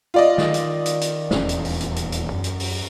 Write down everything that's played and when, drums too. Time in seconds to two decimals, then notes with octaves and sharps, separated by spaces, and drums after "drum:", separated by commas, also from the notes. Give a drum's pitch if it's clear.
0.14 F4 D5 D#5
0.38 D#3, drum: snare
0.54 drum: hi-hat
0.86 drum: hi-hat
1.01 drum: hi-hat
1.31 D#1 E2 C#4, drum: snare
1.49 drum: hi-hat
1.65 drum: open hi-hat
1.81 drum: hi-hat
1.96 drum: hi-hat
2.12 drum: hi-hat
2.32 F#2
2.44 drum: hi-hat
2.60 drum: open hi-hat